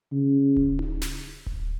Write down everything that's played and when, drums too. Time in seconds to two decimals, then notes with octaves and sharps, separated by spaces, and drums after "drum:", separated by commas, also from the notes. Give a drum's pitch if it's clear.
0.12 C#3
0.57 drum: kick D1
0.79 drum: tom D#4
1.01 drum: snare
1.46 drum: kick D1